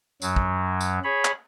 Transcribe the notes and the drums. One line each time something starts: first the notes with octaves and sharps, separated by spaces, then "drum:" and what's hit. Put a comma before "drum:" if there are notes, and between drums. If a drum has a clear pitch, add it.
F#2 F#3, drum: tambourine
drum: kick
drum: tambourine
G#4 C#5 B5
drum: clap